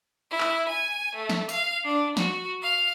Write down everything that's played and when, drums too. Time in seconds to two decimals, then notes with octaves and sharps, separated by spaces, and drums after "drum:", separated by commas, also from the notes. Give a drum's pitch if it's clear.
0.31 E4
0.40 drum: clap
0.68 G#5
1.14 A3
1.29 drum: snare
1.49 F5, drum: tambourine
1.84 D4
2.17 F#4, drum: snare
2.61 F5